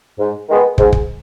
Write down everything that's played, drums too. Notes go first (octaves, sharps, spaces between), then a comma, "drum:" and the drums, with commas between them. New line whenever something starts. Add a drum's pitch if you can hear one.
G#2
D#3 G#3 B3
G#2, drum: kick
drum: kick